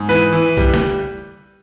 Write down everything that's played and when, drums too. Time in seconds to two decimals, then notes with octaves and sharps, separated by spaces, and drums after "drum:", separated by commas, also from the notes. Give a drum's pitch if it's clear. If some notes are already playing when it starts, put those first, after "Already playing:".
Already playing: G#2
0.09 E3 B4
0.33 E3
0.57 G3, drum: kick
0.74 drum: snare